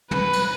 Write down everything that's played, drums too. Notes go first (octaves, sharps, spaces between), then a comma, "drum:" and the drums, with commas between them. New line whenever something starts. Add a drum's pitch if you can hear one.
B4, drum: tom
drum: cymbal